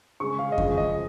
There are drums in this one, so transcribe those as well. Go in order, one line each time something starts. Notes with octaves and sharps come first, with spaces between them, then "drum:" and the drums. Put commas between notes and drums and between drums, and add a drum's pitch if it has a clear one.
C#3 G#3 C#6
F5
D#5
C#3 F3 G#3, drum: kick F2
D#5